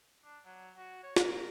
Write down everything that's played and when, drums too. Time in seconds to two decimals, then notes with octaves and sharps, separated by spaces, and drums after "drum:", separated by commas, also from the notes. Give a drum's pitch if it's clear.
0.24 D4
0.45 F#3
0.76 F#4
1.03 C#5
1.16 A#4, drum: snare